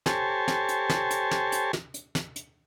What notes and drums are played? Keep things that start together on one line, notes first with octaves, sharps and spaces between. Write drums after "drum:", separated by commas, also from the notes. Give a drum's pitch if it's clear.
G4 A4 C5 C#5 G#5 A5, drum: snare
drum: snare
drum: hi-hat
drum: snare
drum: hi-hat
drum: snare
drum: hi-hat
drum: snare
drum: hi-hat
drum: snare
drum: hi-hat